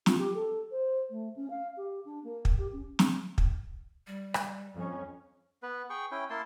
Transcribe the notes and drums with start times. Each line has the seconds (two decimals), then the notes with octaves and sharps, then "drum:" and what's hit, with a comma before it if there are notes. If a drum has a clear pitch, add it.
0.06 F4, drum: snare
0.18 G4
0.34 A4
0.71 C5
1.10 A3
1.36 C#4
1.50 F5
1.77 G4
2.05 D4
2.24 A#3
2.45 drum: kick
2.58 G4
2.72 C#4
2.99 drum: snare
3.38 drum: kick
4.07 G3
4.34 drum: rim click
4.75 F2 C#4
5.63 B3 B4
5.90 G#4 G5 C#6
6.11 C#4 E4 G5
6.30 A#3 E4 A5 C6